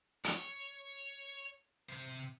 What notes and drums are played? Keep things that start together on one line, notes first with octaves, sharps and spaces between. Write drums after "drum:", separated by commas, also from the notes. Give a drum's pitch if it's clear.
C#5, drum: hi-hat
C3 C5